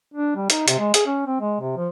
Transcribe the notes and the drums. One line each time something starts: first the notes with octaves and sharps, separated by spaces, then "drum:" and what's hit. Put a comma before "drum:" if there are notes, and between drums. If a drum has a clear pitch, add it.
D4
G3
D#4, drum: hi-hat
C3, drum: hi-hat
G#3
G#4, drum: hi-hat
C#4
C4
G#3
C3
F3